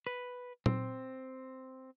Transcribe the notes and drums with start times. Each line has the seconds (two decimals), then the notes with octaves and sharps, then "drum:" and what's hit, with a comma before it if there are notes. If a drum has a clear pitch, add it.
0.07 B4
0.66 C4, drum: tom A#2